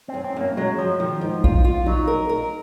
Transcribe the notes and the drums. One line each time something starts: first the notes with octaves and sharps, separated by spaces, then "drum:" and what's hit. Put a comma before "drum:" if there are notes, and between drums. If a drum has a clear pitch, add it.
C4
F#2
C4
F#2 A#3
F#3 G#3
F3 F#3
D#3 F3
G#2
F4, drum: kick A#1
F4
F#3 D#4
A#4
A#4